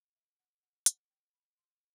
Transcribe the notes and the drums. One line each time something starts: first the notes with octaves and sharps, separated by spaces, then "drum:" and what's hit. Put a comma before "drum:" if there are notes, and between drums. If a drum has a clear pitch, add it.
E5
F#5
F#5
F#5, drum: hi-hat
G5
B5
C6